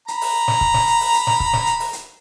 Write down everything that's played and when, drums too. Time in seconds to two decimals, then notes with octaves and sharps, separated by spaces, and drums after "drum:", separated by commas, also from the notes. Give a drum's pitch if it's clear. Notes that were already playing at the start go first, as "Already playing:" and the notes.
0.08 A#5 B5, drum: hi-hat
0.21 drum: open hi-hat
0.48 drum: snare
0.61 drum: kick C#1
0.74 drum: snare
0.87 drum: hi-hat
1.01 drum: open hi-hat
1.14 drum: hi-hat
1.27 drum: snare
1.40 drum: kick C#1
1.53 drum: snare
1.67 drum: hi-hat
1.80 drum: open hi-hat
1.93 drum: hi-hat